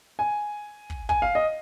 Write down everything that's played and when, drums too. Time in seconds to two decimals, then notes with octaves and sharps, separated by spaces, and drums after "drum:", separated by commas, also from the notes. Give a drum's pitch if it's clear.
0.19 G#5
0.90 drum: kick
1.09 G#5, drum: kick
1.22 F5
1.35 D#5